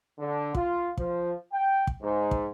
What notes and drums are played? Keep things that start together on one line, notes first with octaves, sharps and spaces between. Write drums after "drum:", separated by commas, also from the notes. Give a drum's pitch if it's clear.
D3
F4, drum: kick
F3, drum: kick
G5
drum: kick
G#2
drum: kick